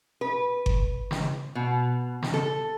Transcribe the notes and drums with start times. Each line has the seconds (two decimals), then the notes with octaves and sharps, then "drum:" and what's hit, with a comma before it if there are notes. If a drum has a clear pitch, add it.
0.21 B4
0.66 drum: kick G1
1.11 drum: snare
1.55 B2
2.23 drum: snare
2.34 A4